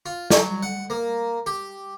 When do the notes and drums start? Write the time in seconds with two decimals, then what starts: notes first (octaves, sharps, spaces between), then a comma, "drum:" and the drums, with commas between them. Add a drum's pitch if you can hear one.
0.06 F4
0.31 F#3, drum: snare
0.63 F#5
0.90 A#3
1.46 G4